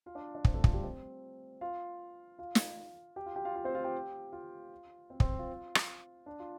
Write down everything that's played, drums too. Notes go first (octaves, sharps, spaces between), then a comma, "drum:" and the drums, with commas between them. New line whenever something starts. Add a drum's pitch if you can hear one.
F4 F5
D4 D5
D4 D5
C4 C5, drum: kick
A3 A4
F4, drum: kick
G3 G4
C4 C5
F4 F5
F4 F5
drum: snare
G4 G5
F4 F5
G4 G5
F4 F5
F4 F5
C4 C5
F4 F5
G4 G5
F4 F5
C4 C5
C4 C5, drum: kick
F4
drum: rim click
D4
F4